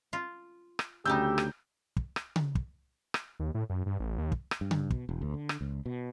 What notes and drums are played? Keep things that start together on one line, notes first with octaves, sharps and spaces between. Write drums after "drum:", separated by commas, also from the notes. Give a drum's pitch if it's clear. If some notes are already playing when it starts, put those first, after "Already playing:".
F4
drum: rim click
D2 C#3 G3 D#4 G4 E6 G6
drum: rim click
drum: kick
drum: rim click
drum: tom C#3
drum: kick
drum: rim click
D#2
A2
F#2
G2
A1
D#2
drum: kick
drum: rim click
G2
drum: tom C#3
B2, drum: kick
E1
D2
D3
drum: rim click
C#2
B2